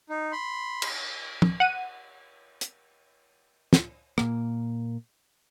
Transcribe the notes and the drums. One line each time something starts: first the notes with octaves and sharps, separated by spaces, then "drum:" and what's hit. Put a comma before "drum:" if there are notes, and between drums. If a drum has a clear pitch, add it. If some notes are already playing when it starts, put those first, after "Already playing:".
D#4
B5 C6
drum: cymbal
drum: tom
F#5 D#7
drum: hi-hat
drum: snare
A#2 A#3, drum: rim click